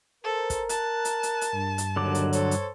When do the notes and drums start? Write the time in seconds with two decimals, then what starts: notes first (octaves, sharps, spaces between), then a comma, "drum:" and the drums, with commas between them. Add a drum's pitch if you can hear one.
0.24 A4 A#4 C5
0.50 drum: kick, hi-hat
0.69 A5 F#6, drum: hi-hat
1.05 drum: hi-hat
1.23 drum: hi-hat
1.41 drum: hi-hat
1.53 G2
1.78 drum: hi-hat
1.96 D#2 D3 F#3 D6
2.15 drum: hi-hat
2.33 A4 C5 C#5, drum: hi-hat
2.51 drum: hi-hat